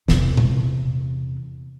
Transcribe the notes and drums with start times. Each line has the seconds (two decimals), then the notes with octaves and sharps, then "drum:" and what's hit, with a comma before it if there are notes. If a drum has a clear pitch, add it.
0.08 E2 C3, drum: snare
0.37 drum: tom A#2